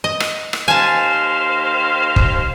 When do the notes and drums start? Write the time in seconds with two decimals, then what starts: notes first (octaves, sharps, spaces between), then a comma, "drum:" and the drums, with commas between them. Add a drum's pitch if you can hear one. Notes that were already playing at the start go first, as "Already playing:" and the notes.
0.04 D#5
0.20 drum: rim click
0.53 drum: rim click
0.68 D#2 C5 F5 G#5 A5
2.16 drum: kick